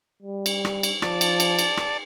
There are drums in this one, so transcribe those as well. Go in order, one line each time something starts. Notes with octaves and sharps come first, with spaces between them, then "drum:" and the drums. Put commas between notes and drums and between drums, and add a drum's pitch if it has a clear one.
G3
drum: cymbal
drum: rim click
drum: cymbal
F3 D5 A5, drum: rim click
drum: cymbal
drum: cymbal
drum: cymbal
drum: rim click